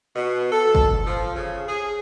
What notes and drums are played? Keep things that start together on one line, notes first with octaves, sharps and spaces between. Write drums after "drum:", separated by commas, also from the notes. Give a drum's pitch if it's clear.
B2
A4
drum: kick
F3
C#3
G#4